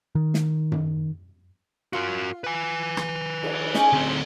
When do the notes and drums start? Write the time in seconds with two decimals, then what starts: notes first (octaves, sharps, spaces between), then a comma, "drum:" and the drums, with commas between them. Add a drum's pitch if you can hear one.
0.15 D#3
0.34 drum: snare
0.72 drum: tom F#2
1.93 F4 F#4 A#4
2.44 B4 G#5
2.97 drum: rim click
3.43 drum: cymbal
3.74 C#4 D#4 G#4, drum: snare
3.93 D2 C4